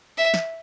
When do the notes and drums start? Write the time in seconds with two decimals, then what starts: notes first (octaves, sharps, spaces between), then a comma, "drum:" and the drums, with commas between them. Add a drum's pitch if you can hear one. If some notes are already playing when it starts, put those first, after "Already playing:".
0.18 E5
0.34 drum: snare